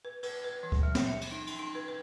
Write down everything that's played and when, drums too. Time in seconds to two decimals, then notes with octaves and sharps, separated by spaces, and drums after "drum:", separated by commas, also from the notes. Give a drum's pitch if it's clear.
0.05 B4
0.23 B4, drum: cymbal
0.44 B4
0.63 E3
0.72 drum: kick D2
0.83 F#3
0.95 F3, drum: snare
1.07 E5
1.21 drum: cymbal
1.31 D#4
1.47 C6, drum: cymbal
1.59 D#4
1.75 B4
1.88 B4